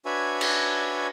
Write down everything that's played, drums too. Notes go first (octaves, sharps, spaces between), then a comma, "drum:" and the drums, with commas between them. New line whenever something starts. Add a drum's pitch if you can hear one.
D4 F#4 B4 C#5 E5 G#5
drum: cymbal